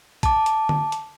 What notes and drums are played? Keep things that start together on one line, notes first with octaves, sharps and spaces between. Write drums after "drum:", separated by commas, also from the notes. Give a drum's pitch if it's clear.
A5 D6, drum: kick A#1, hi-hat
drum: hi-hat
drum: tom D3
drum: hi-hat